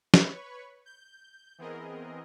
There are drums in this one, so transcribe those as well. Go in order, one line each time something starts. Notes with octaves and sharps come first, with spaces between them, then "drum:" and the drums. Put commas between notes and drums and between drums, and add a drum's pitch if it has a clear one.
B4 C#5 B5 C#6, drum: snare
G6
E3 B3 C4 G#4 A#4 D#5